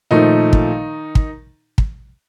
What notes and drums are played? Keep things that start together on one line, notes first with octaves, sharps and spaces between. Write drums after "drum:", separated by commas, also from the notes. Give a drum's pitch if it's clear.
A#2 D#3 F3 A3 D#4
drum: kick
drum: kick
drum: kick